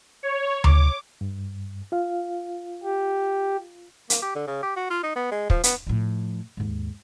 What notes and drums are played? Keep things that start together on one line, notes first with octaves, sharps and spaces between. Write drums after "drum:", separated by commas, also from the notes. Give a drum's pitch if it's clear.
C#5
D6, drum: tom D2
G2
F4 F5
G4
A#3, drum: hi-hat
G4
D3
C#3
G4
F#4
F4
D#4
B3
G#3
F3, drum: kick
B3, drum: hi-hat
A2 F3
D#2 G#2